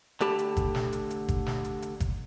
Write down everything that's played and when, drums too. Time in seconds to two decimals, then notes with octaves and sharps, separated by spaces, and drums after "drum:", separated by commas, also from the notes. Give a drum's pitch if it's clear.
0.21 D3 A3 G4 A5 B5, drum: hi-hat
0.39 drum: hi-hat
0.57 drum: kick G1, hi-hat
0.75 drum: snare
0.93 drum: hi-hat
1.10 drum: hi-hat
1.28 drum: kick G1, hi-hat
1.46 drum: snare
1.64 drum: hi-hat
1.82 drum: hi-hat
2.00 drum: kick G1, hi-hat